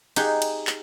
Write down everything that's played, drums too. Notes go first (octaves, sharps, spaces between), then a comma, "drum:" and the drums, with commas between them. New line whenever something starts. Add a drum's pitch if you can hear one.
D#4 G4 G#4 F#5, drum: cymbal
drum: cymbal
drum: clap